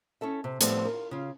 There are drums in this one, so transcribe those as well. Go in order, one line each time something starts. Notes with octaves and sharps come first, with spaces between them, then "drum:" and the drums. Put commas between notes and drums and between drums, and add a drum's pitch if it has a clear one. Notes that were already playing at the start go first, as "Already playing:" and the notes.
C#4 E4 A4 E5
C3
A2 F3 G3 A3 B3 C4, drum: hi-hat
F4 A#4
C#3 F4